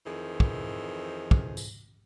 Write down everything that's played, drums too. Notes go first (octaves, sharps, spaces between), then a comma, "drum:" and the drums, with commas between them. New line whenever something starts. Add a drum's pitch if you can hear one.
F2 D#3 E3 G#4 C5
drum: kick
drum: kick
drum: tambourine